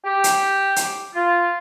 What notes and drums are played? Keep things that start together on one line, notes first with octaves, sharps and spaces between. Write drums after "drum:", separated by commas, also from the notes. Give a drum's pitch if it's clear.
G4
drum: hi-hat
drum: hi-hat
F4